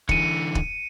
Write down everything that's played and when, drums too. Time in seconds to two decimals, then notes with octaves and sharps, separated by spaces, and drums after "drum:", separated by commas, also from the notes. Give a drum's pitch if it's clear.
0.09 D3 E3 C#7 D#7, drum: kick
0.55 drum: kick